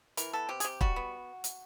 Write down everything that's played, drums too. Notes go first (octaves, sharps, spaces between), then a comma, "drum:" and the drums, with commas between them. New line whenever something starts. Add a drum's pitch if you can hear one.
E3 A#4, drum: hi-hat
B3 A4
C3 G4
G#4, drum: hi-hat
C3 G4
G3 F#4, drum: kick
B3
drum: hi-hat